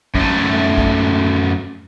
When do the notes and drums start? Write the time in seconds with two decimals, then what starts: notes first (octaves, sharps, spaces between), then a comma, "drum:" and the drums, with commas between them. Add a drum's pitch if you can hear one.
0.15 F#2 A3, drum: kick
0.78 drum: kick